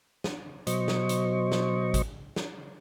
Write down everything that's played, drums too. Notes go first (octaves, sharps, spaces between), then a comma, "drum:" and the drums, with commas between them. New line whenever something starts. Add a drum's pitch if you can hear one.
drum: snare
B2 F#3 C5 D#5 C#6, drum: hi-hat
drum: snare
drum: hi-hat
drum: snare
drum: kick G#1, hi-hat
drum: snare